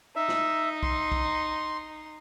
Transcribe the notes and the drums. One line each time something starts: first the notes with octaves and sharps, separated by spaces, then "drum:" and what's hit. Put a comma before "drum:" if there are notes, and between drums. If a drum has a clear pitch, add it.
D#4 E5
drum: snare
C6, drum: kick B1
drum: kick B1